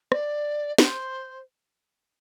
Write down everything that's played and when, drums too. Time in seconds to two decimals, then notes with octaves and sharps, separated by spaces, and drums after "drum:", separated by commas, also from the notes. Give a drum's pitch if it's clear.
0.12 D5, drum: rim click
0.78 C5, drum: snare